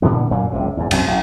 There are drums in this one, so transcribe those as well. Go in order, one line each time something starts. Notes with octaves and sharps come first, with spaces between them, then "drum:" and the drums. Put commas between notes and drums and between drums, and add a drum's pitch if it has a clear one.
A#2 D3 E3 B3
F#2 A#2 F#3 A#3
F#1 C#2 C3
E2 G#2
B1 F#2 C4, drum: cymbal
A1 F#3